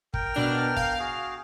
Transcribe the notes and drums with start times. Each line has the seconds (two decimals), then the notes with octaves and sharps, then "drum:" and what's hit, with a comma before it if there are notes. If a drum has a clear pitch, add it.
0.14 A#4 G5, drum: kick
0.34 B2 D4 F6
0.76 F5, drum: kick
0.99 F#4 G#4